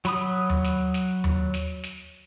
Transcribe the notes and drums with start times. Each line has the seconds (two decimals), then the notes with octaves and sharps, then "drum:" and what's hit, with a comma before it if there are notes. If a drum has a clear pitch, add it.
0.05 F#3 B5 D#6, drum: snare
0.50 drum: tom D#2
0.64 drum: snare
0.94 drum: snare
1.24 drum: tom D#2
1.54 drum: snare
1.83 drum: snare